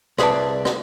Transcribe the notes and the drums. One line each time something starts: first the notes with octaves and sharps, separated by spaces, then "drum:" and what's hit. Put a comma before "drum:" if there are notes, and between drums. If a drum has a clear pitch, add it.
C2 G#4 B4 D5 A5, drum: rim click
drum: rim click